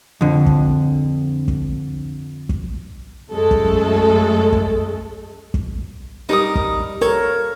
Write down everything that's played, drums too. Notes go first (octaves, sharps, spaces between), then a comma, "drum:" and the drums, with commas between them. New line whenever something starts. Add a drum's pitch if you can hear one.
F2 D3
drum: kick
drum: kick
drum: kick
F#2 G#3 A3 A4
drum: kick
drum: kick
drum: kick
G3 D#4 A#4 D#6
drum: kick
A4 A#4 C#5